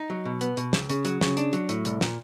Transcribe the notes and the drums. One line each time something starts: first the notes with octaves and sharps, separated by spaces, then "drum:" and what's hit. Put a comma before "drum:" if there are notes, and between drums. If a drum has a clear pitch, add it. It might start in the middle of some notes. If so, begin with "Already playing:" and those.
Already playing: D#4
F#3
B2
B3, drum: hi-hat
B2, drum: hi-hat
C#2, drum: snare
C#3, drum: hi-hat
F#3, drum: hi-hat
C#3, drum: snare
D4, drum: hi-hat
F#3, drum: hi-hat
A2, drum: hi-hat
C2, drum: hi-hat
A#2, drum: snare